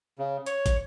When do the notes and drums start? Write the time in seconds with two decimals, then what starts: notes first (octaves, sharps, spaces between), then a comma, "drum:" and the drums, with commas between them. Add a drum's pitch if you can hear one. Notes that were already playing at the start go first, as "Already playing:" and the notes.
0.19 C#3
0.46 C#5, drum: hi-hat
0.66 drum: kick, hi-hat